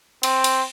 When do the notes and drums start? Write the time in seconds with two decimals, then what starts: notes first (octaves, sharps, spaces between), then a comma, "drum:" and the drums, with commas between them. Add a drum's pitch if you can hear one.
0.23 C4, drum: cymbal
0.44 drum: cymbal